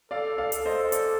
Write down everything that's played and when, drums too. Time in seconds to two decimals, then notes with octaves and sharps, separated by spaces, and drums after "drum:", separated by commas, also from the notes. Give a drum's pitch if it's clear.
0.11 A4 D5 F5
0.38 D5 F5
0.52 A4, drum: hi-hat
0.65 C5 D#5
0.92 D5, drum: hi-hat